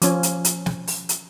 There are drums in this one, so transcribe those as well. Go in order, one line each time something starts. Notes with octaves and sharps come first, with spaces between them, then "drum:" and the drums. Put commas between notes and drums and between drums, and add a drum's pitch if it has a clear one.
F3 C#4, drum: hi-hat
drum: hi-hat
drum: hi-hat
drum: snare
drum: open hi-hat
drum: hi-hat